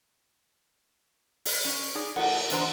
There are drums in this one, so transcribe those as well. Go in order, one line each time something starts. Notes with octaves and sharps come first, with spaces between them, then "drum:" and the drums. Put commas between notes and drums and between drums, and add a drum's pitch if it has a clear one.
drum: open hi-hat
C#4
D#4 G#4 D5
A3 F#5, drum: cymbal
E2 D3 D4 C5 A#5, drum: hi-hat